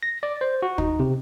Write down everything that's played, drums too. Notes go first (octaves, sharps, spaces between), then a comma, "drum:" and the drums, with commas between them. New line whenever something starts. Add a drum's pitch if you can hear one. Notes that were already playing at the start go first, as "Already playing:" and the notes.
A#6
D5
C5
F#4
D#4, drum: kick
C3